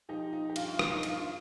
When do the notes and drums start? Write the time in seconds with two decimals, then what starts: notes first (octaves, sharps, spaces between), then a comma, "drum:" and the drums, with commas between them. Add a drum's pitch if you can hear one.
0.09 F3 D#4 G4
0.33 F3 D#4
0.49 G4
0.56 G2 F4, drum: cymbal
0.74 F4
0.79 F3, drum: rim click
0.91 D#4
1.03 G2, drum: cymbal
1.09 F4